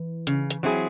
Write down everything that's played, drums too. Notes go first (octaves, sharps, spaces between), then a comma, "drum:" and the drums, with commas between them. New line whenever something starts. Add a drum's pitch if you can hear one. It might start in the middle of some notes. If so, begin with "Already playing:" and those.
Already playing: E3
C#3, drum: hi-hat
drum: hi-hat
F#3 C4 E4 G#4